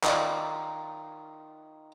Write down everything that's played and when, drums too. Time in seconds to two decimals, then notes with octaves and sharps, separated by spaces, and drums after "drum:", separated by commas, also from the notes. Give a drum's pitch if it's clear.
0.04 D#3 D#4 F4 D5, drum: clap